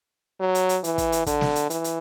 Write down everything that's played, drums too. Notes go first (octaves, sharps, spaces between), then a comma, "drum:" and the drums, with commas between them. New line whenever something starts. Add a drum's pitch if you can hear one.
F#3
drum: hi-hat
drum: hi-hat
E3, drum: hi-hat
drum: kick, hi-hat
drum: hi-hat
D3, drum: kick, hi-hat
drum: snare
drum: hi-hat
E3, drum: hi-hat
drum: hi-hat